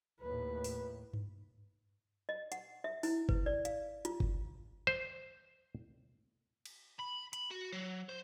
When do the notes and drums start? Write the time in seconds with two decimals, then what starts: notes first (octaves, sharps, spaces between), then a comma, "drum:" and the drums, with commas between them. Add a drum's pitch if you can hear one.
0.20 D#2 A2 B4
0.64 drum: open hi-hat
1.14 drum: tom G2
2.29 D#5
2.52 F#5, drum: hi-hat
2.84 E5
3.03 E4, drum: open hi-hat
3.29 B4, drum: kick G1
3.46 D5
3.65 F5, drum: hi-hat
4.05 F4, drum: hi-hat
4.20 drum: kick G1
4.87 C5
6.66 drum: cymbal
6.99 B5
7.33 B5, drum: hi-hat
7.51 F#4
7.72 F#3
8.09 C5